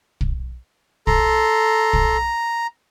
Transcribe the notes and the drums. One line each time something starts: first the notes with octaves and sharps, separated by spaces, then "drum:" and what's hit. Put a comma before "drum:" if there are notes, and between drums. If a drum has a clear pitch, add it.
drum: kick
A4 A#5 C6, drum: kick
drum: kick